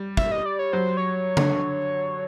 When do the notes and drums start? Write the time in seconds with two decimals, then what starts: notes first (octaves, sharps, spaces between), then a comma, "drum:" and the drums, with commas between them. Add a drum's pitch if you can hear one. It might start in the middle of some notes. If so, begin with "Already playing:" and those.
Already playing: G3
0.17 E5, drum: kick
0.32 D#5
0.46 D5
0.59 C#5
0.73 F#3 C5
0.97 C#5
1.37 D3, drum: tom C#3